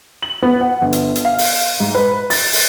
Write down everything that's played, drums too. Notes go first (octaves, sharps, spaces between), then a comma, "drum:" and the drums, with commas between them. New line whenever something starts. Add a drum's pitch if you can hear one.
F#7
B3
F#5
G1
drum: hi-hat
drum: hi-hat
F5
drum: open hi-hat
G#2
B4
A6, drum: open hi-hat
drum: open hi-hat